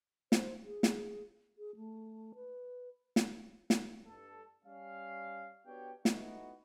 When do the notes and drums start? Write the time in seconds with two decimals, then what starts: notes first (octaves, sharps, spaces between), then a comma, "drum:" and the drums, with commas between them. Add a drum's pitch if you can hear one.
0.32 C5, drum: snare
0.65 G#4
0.83 drum: snare
1.58 G#4
1.76 A3
2.35 B4
3.16 drum: snare
3.70 drum: snare
4.06 G2 A4
4.65 G3 C#4 F5
5.66 B3 D4 F#4 G4 C#5 G5
6.05 A3 B3 D#4 E4 F#4, drum: snare